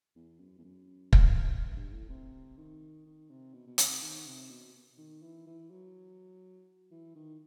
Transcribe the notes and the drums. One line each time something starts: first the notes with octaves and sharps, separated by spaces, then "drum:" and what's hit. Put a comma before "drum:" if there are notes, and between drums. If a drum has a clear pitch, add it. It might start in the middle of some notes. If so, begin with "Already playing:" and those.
E2
F#2
E2
F#2
E2, drum: kick
F#2
G2
A2
C3
D#3
D#3
C3
B2
B2
C3, drum: hi-hat
C3
D#3
C3
B2
D#3
E3
E3
F#3
E3
D#3